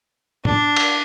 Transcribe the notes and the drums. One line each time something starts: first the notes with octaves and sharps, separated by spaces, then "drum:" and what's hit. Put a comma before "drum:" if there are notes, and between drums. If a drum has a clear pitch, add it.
D4, drum: tom A2
drum: cymbal